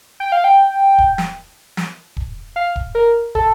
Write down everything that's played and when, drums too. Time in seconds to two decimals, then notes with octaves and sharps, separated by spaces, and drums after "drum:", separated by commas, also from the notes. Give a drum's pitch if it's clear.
0.20 G5
0.32 F5
0.44 G5
0.98 drum: kick
1.18 drum: snare
1.77 drum: snare
2.17 drum: kick
2.56 F5
2.76 drum: kick
2.95 A#4
3.35 A4, drum: kick